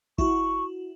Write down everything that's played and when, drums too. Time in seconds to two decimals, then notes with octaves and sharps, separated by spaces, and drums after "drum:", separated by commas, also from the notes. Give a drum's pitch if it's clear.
0.18 E4 F#4 C#6, drum: kick